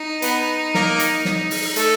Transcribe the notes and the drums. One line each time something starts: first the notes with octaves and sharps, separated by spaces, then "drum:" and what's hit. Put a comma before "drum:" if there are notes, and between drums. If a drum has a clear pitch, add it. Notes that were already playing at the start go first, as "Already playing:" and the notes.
Already playing: D#4
B3 B4, drum: hi-hat
A#3 A#4, drum: snare
drum: hi-hat
drum: snare
drum: open hi-hat
A3 A4, drum: hi-hat